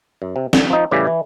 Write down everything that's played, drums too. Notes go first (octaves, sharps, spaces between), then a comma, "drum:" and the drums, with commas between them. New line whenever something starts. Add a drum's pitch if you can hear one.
F#2
C3
D3, drum: snare
F3 D#4
A2 C#3 E3 G3 G4
E3